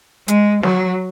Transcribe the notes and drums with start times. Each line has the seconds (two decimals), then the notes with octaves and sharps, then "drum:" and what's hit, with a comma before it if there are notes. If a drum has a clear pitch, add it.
0.28 G#3, drum: hi-hat
0.63 F#3, drum: snare